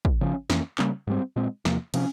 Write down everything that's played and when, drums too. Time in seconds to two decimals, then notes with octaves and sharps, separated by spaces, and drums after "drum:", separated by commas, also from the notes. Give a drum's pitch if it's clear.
0.05 drum: kick
0.21 C#3 F3 A#3 C#4
0.50 F2 E3 A#3 C#4, drum: snare
0.79 C#3 G3 A#3 C#4, drum: clap
1.07 G#2 G3 C4
1.36 A#2 G#3 C4
1.65 E2 C3 F3 A#3, drum: snare
1.94 C3 F3 G#3 C#4, drum: cymbal